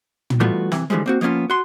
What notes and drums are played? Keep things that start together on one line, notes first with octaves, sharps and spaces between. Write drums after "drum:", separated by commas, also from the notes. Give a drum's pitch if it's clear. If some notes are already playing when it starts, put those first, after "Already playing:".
drum: tom
E3 G3 A3 B3 F4 F#4
C3 E3, drum: snare
D3 E3 F3 G3 G#3
A#3 C4 F#4
F3 A#3 B3 C#4 F4
F#4 C6